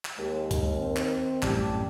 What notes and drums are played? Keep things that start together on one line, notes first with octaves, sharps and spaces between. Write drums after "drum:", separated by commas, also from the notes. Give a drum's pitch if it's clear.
drum: clap
D#2 G#3
drum: kick, hi-hat
D#3 C4
drum: clap
A1 F#2 G3 G4 D5 A5, drum: clap